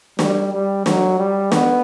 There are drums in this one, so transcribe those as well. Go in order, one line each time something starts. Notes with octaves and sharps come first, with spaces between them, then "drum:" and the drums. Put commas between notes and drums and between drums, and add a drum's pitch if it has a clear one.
G3, drum: snare
G3
F#3, drum: snare
G3
B3, drum: snare